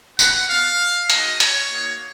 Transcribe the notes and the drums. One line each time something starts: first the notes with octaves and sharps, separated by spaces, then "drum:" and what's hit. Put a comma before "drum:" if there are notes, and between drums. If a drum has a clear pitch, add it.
F#5, drum: tambourine
B3 F4 F5
G#3 D#4 F#4 D#5, drum: hi-hat
C#5, drum: hi-hat
A#3 D#4 F#4